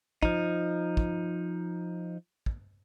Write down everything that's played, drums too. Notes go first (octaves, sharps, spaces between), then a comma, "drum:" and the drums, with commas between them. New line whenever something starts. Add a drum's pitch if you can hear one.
F3 D#4, drum: kick
drum: kick
drum: kick